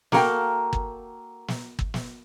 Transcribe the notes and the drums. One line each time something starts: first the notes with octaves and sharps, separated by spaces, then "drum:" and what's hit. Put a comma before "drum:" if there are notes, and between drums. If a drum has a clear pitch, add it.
A#3 F#4 A4 A#4 F5 G5, drum: snare
drum: kick G1
drum: snare
drum: kick G1
drum: snare